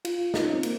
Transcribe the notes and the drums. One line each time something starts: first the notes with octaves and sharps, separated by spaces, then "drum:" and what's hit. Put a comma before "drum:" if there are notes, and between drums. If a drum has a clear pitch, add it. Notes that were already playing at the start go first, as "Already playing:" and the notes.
F4, drum: cymbal
D#4, drum: snare
C#4
C4
A#3, drum: cymbal